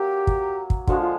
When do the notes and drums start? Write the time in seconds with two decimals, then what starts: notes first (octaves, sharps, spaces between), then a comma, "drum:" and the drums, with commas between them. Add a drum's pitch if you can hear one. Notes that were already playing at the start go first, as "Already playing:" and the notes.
Already playing: F#3 A#3 G4
0.27 drum: kick
0.70 drum: kick
0.87 D3 F3 G#3 F#4, drum: kick
1.01 F4